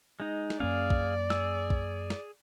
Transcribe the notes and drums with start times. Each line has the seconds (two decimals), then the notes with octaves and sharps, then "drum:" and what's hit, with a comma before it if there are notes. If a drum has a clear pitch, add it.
0.20 G#3 D#4
0.50 drum: snare
0.60 F#2 A#3 C#4 G#4 D5 F5
0.90 drum: kick
1.30 G#4 E6, drum: snare
1.70 drum: kick
2.10 drum: snare